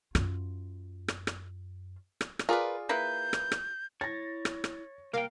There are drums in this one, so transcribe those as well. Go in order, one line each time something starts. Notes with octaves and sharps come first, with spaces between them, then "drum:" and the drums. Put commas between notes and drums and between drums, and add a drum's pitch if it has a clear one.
F#2 F4, drum: rim click
drum: rim click
drum: rim click
drum: rim click
drum: rim click
F4 G#4 A#4 B4 D5
A#3 E4 B4 G6
drum: rim click
drum: rim click
E4 C#5 A6 A#6
drum: rim click
drum: rim click
C2 A#3 A#4 F5 G5